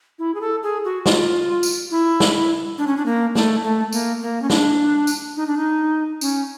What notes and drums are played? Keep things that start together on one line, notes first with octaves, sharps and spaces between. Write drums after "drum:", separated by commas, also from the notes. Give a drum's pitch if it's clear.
E4
G#4
A4
G#4
F#4
F4, drum: snare
drum: tambourine
E4
drum: snare
D4
C#4
D4
A#3
A3, drum: snare
A3
A#3, drum: tambourine
A#3
C#4
D4, drum: snare
drum: tambourine
D#4
D4
D#4
C#4, drum: tambourine